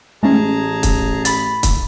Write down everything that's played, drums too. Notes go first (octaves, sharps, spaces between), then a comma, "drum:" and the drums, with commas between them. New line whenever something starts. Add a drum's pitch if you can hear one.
A1 G#3 A3 C#4 G#4 A5 A#5
drum: kick, hi-hat
B5 A6, drum: hi-hat
drum: kick, hi-hat